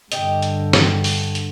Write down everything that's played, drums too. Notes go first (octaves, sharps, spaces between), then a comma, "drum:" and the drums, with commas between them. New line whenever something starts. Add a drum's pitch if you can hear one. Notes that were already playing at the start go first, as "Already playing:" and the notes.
G2 D3 G4 D#5, drum: hi-hat
drum: hi-hat
drum: snare
drum: open hi-hat
drum: hi-hat